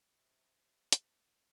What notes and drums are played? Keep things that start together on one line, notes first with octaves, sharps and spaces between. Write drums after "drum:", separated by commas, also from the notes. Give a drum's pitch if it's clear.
C3
C3
drum: hi-hat